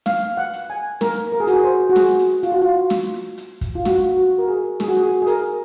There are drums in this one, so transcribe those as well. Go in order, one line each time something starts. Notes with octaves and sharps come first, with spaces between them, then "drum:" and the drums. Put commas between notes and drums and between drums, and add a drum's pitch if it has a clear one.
F5, drum: snare
F#5
drum: hi-hat
G#5
A#4, drum: snare
A#4
G#4
F#4, drum: hi-hat
G#4
C5
F#4
G#4, drum: snare
drum: hi-hat
F4, drum: hi-hat
F#4
F4
drum: snare
drum: hi-hat
drum: hi-hat
drum: kick, hi-hat
F4
F#4, drum: snare
F#4
A#4
G#4
G#4, drum: snare
F#4
G#4
G#4
A#4, drum: hi-hat